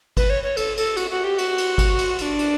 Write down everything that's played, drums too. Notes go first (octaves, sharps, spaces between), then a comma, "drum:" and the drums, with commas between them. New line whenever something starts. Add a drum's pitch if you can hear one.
B4, drum: kick G#1, cymbal
C#5
C#5
A4, drum: cymbal
A4, drum: cymbal
F#4, drum: cymbal
F#4
G4
F#4, drum: cymbal
drum: cymbal
drum: kick G#1, cymbal
drum: cymbal
F#4, drum: cymbal
D4
drum: cymbal